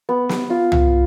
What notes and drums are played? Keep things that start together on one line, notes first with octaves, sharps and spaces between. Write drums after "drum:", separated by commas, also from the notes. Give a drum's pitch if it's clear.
B3
drum: snare
F4
drum: tom C2